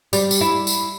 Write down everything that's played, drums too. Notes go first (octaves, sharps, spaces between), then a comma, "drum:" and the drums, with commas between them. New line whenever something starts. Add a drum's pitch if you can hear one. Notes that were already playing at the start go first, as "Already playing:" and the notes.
G3, drum: tambourine
drum: tambourine
E4
drum: tambourine